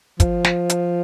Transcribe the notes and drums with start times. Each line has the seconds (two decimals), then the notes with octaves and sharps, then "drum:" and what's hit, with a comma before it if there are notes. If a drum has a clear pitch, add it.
0.20 F3, drum: kick, hi-hat
0.44 drum: snare
0.70 drum: hi-hat